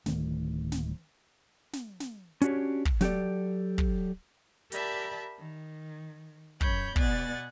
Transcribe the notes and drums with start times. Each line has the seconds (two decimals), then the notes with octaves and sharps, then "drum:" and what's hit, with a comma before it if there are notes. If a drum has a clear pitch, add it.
0.06 D1 D#3 A3, drum: snare
0.72 drum: snare
1.73 drum: snare
2.00 drum: snare
2.42 C#4 D4 F#4 G4 C#5, drum: hi-hat
2.85 drum: kick
3.01 F#3 G4 A4 D5, drum: snare
3.78 drum: kick
4.72 G4 A#4 D5 E5 A5 B5, drum: hi-hat
5.38 D#3
6.61 F#2 C#5 B5 G6, drum: kick
6.96 B2 B3 D5 F#5 G#5 A6, drum: kick